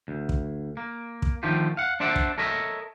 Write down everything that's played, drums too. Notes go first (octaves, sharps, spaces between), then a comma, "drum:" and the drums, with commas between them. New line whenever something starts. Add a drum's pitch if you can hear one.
D2
drum: kick
A#3
drum: kick
D3 D#3 F3 A3 F4 G4
F5 F#5
D4 C5 D5 E5 F#5
drum: kick
A4 A#4 C#5 D#5 E5